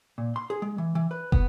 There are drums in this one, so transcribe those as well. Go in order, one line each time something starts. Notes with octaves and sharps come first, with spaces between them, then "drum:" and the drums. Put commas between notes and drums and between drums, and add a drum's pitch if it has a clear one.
A#2
C6
G#4
G#3
E3
E3
B4
B3, drum: kick